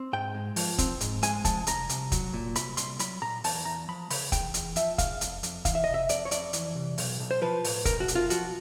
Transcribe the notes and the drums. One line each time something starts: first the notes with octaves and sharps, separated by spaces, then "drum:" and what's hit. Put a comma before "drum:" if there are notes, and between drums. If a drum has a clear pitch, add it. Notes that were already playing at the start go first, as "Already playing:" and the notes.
Already playing: C4
G#2 G5
G#3
F3, drum: open hi-hat
C4, drum: kick, hi-hat
G#2, drum: hi-hat
G#3 G#5, drum: hi-hat
F3 A5, drum: kick, hi-hat
C2 A#5, drum: hi-hat
C2, drum: hi-hat
F#3, drum: kick, hi-hat
A#2
C2 B5, drum: hi-hat
C2 C6, drum: hi-hat
F#3 B5, drum: hi-hat
A#2 A#5
E2 A5, drum: open hi-hat
E2 A#5
F3 B5
C#3 B5, drum: open hi-hat
E2 G5, drum: kick, hi-hat
E2, drum: hi-hat
F3 E5, drum: hi-hat
C#3 F5, drum: kick, hi-hat
F2, drum: hi-hat
F2, drum: hi-hat
E3 F5, drum: kick, hi-hat
E5
C3 D#5
E5
F2 D5, drum: hi-hat
C#5
F2 D5, drum: hi-hat
E3, drum: hi-hat
C3
B1, drum: open hi-hat
B1
C5
F3 B4
A2, drum: open hi-hat
B1 A#4, drum: kick, hi-hat
F#4
B1, drum: hi-hat
F4
F3 F#4, drum: hi-hat